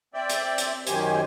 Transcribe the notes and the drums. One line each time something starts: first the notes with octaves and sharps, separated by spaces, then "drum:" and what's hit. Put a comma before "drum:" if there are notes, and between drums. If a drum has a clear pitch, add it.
C4 D5 E5 G5
drum: hi-hat
drum: hi-hat
F#2 D#3 G4 C5 G#5, drum: hi-hat